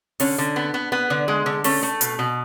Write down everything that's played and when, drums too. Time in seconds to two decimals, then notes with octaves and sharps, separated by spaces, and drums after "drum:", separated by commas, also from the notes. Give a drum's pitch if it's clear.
0.20 D3 C#4, drum: open hi-hat
0.38 D3
0.56 B3
0.74 B3
0.92 B3
1.10 D3
1.28 G#3
1.46 D3
1.64 A3 C#4, drum: open hi-hat
1.83 A3
2.01 B2, drum: hi-hat
2.19 B2